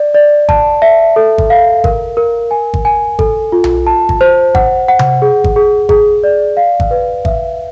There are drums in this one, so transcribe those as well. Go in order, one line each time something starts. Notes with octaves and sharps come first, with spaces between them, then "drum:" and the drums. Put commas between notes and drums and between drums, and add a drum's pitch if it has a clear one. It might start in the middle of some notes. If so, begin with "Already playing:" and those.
Already playing: D5
D5
A5, drum: kick G#1
E5
A4
drum: kick G#1
F5
A#4, drum: kick G#1
A#4
G#5
drum: kick G#1
G#5
A4, drum: kick G#1
F4
drum: tom B1
A5
drum: kick G#1
C5
F#5, drum: kick G#1
F#5
drum: tom C3
G#4
drum: kick G#1
G#4
G#4, drum: kick G#1
D5
F5
drum: kick G#1
B4
E5, drum: kick G#1